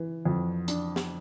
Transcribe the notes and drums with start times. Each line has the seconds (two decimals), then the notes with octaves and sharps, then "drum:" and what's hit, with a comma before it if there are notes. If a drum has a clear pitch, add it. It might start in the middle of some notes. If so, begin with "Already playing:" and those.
Already playing: E3
0.25 F2
0.68 D4, drum: hi-hat
0.96 drum: snare